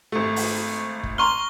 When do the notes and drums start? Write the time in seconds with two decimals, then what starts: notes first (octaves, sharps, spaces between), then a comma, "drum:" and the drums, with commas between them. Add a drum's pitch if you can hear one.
0.12 G#1 A3
0.36 drum: open hi-hat
1.03 drum: kick
1.18 A#5 C6 C#6 F6 G7